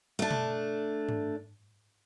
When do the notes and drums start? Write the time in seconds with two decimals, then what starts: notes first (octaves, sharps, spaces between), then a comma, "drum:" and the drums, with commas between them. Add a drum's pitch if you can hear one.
0.19 A3 D4
0.31 drum: tom B2
1.09 drum: tom G#2